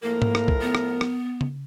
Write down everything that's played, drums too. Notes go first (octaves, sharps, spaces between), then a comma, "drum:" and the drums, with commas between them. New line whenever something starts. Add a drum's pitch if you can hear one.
A2 F3 A#3 A#4
drum: tom G#2
drum: rim click
drum: kick C2
B3
drum: rim click
drum: rim click
drum: tom C#3